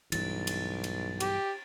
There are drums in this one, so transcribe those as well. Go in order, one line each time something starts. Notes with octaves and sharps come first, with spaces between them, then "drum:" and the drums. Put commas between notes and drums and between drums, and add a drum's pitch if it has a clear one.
B1 G2 E3 A6, drum: cymbal
drum: cymbal
drum: cymbal
G4, drum: cymbal